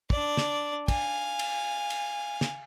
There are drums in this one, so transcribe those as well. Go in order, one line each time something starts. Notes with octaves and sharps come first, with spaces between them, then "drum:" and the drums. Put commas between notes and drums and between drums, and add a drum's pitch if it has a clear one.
D4 D5, drum: kick
drum: snare
F5 G#5, drum: kick, cymbal
drum: cymbal
drum: cymbal
drum: snare